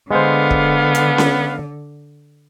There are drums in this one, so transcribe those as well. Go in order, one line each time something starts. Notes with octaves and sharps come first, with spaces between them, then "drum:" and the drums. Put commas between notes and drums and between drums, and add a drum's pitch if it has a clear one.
D3 G#3 B3 C5 F5
drum: kick
drum: hi-hat
drum: snare C#4